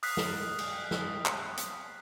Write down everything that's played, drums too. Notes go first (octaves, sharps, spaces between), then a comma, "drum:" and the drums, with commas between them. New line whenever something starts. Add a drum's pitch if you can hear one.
D#6 F6 F#6 B6 C7, drum: open hi-hat
drum: snare
drum: cymbal
drum: snare
drum: clap
drum: hi-hat